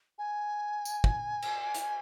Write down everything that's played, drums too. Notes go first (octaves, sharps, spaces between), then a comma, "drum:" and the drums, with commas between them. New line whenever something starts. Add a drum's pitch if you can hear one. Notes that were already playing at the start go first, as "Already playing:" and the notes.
G#5
drum: tambourine
drum: kick
drum: cymbal
drum: hi-hat